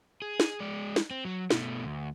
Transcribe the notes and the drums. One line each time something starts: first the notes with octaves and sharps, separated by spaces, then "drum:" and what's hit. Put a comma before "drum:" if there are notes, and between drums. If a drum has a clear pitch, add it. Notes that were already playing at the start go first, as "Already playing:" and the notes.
G#4
drum: snare
G#3 D5
drum: snare
C4
F#3
B2 A3, drum: snare
D2